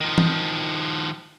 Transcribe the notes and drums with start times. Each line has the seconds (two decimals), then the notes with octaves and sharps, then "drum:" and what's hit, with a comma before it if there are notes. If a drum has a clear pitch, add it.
0.01 D#3 F3
0.18 drum: tom E3